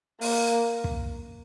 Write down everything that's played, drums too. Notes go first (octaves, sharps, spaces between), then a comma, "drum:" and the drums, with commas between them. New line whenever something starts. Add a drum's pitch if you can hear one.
A#3, drum: open hi-hat
drum: kick